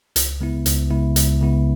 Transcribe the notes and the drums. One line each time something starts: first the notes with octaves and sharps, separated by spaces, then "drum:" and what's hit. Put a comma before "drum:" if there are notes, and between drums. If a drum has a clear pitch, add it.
C#2, drum: hi-hat
C#3 G#3 B3 E4
C#2, drum: hi-hat
C#3 G#3 B3 E4
C#2, drum: hi-hat
C#3 G#3 B3 E4